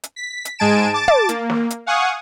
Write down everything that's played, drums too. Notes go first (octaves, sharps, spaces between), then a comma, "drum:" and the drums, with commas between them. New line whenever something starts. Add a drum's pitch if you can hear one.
drum: hi-hat
B6
drum: hi-hat
G#2 G#3 G#5 A5 D7 E7
A5 D6 A6
drum: tom
A#3, drum: hi-hat
drum: snare
drum: hi-hat
F5 F#5 G#5 C#6 D#6